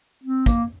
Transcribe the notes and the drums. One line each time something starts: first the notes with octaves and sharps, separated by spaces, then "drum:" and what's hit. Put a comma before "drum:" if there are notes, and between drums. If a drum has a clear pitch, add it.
C4
A#3, drum: kick